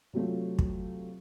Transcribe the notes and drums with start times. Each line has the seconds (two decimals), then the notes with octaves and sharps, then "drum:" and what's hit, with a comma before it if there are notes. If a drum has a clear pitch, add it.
0.13 C3 F#3 A3 F4
0.59 drum: kick